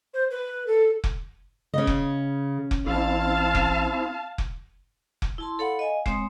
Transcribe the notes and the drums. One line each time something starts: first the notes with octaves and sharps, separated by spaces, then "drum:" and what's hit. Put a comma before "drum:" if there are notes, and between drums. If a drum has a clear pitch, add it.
C5
B4
A4
drum: kick F1
C#3 C#4 D#5
drum: kick F1
drum: kick F1
A1 C4 E4 F5 A5
drum: kick F1
drum: kick F1
drum: kick F1
E4 A5 C6
A4 C#5 F5 F#5 B5
D#5 F5 G#5
G#3 C4 C#5 D#6, drum: kick F1